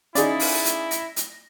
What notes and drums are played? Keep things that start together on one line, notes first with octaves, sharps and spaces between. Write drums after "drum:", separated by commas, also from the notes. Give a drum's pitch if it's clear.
C#4 D#4 E4 G#4 D5 F5 C6, drum: hi-hat
drum: open hi-hat
drum: hi-hat
A#6, drum: hi-hat
drum: hi-hat